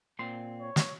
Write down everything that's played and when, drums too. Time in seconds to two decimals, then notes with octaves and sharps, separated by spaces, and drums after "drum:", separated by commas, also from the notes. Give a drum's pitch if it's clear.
0.19 A#2 C4 C6
0.61 C#5
0.76 drum: snare